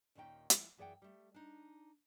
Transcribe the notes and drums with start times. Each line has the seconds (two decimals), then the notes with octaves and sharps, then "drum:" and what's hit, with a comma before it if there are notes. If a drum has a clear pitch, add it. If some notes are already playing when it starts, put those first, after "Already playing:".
0.15 D#2 A#2 D#3 C#4 D#4 G5
0.50 F3 E4, drum: hi-hat
0.77 F#2 E3 G#4 D5 F#5 G5
1.02 G3 A3
1.34 D4 D#4